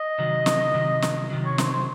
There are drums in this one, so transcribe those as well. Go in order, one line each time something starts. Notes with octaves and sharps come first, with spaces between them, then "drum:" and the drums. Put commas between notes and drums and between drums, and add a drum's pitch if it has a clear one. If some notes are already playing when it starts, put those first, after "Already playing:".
Already playing: D#5
C3 D#3 F#3
drum: snare
C3 D#3 F#3
drum: snare
C3 D#3 F#3
C#5
C5, drum: snare
C5